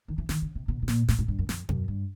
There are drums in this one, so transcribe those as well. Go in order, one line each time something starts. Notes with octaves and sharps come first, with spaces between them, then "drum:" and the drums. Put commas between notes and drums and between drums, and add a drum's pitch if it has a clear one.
D#3
E3
D#3, drum: snare
C#3
C3
B2
B2
A#2, drum: snare
A2, drum: snare
G#2
G2
F#2
F2, drum: snare
F#2, drum: tom
G2